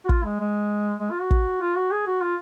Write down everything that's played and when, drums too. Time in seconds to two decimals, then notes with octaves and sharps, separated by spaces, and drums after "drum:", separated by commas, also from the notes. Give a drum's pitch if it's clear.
0.05 F#4
0.09 F4, drum: kick
0.25 G#3
0.40 G#3
1.00 G#3
1.11 F4
1.21 F#4
1.31 drum: kick
1.61 F4
1.76 F#4
1.91 G#4
2.07 F#4
2.22 F4